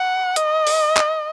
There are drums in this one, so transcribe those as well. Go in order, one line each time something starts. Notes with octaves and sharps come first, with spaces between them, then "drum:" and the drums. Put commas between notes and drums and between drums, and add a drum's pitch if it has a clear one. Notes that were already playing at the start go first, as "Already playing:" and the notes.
Already playing: F#5
D#5, drum: hi-hat
drum: open hi-hat
drum: clap